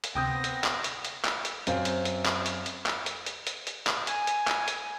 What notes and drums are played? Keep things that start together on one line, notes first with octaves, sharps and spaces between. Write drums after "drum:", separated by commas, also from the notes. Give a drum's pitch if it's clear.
drum: hi-hat
D2 C3 B3 C4 G5 D#6 G6 A#6
drum: hi-hat
drum: clap
drum: hi-hat
drum: hi-hat
drum: clap
drum: hi-hat
F#2 C4 F5, drum: hi-hat
drum: hi-hat
drum: hi-hat
drum: clap
drum: hi-hat
drum: hi-hat
drum: clap
drum: hi-hat
drum: hi-hat
drum: hi-hat
drum: hi-hat
drum: clap
G#5, drum: hi-hat
drum: hi-hat
drum: clap
drum: hi-hat